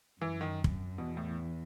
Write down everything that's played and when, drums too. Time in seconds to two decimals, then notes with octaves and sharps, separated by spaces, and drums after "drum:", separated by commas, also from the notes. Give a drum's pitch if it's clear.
0.21 F#2 E3
0.41 D#3
0.64 drum: kick
0.98 E2 B2
1.17 A2